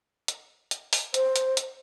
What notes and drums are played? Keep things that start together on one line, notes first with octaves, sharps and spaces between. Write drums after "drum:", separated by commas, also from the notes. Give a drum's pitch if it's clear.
drum: hi-hat
drum: hi-hat
drum: open hi-hat
C5, drum: hi-hat
drum: hi-hat
drum: hi-hat